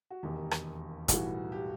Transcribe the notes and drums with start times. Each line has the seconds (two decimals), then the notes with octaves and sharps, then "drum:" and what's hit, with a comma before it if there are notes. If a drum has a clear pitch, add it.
0.11 F#4
0.23 E1 D#2 D#3 G4
0.51 drum: rim click
1.08 B1 A2 E3 G3 F#4, drum: kick, hi-hat
1.52 G4